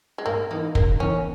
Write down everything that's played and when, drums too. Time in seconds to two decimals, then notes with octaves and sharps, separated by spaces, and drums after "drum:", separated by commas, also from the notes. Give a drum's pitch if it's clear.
0.18 G#3
0.26 G#2 A#3
0.51 E3 A#3 B3 D#4
0.75 C#3 A#3, drum: kick
1.00 E3 B3 C#4 D#4 A#4